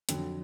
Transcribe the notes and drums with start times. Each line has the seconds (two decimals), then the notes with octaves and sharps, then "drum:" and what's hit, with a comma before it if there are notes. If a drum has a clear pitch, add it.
0.09 F2 D3 F#3, drum: hi-hat